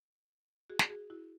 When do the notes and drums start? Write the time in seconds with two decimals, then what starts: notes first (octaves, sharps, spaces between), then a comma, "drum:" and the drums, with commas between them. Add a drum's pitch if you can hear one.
0.70 F#4 G#4
0.79 drum: snare
0.90 F#4 G#4
1.10 E4 F#4